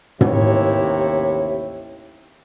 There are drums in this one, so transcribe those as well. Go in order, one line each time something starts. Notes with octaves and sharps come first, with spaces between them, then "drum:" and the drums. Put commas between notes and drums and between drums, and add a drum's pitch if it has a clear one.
A1 D#2 C3 E4 C#5, drum: tom